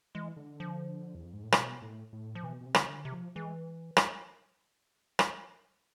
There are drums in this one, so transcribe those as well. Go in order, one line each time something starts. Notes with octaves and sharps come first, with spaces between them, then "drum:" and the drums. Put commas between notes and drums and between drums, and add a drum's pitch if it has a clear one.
E3 G#3
D3
F3
E2
F2
G#2
A2
B2, drum: rim click
A2
A2
F3
B2 E3
B2
C3
D3, drum: rim click
C3
D3
C3
F3
E3 G#3
drum: rim click
drum: rim click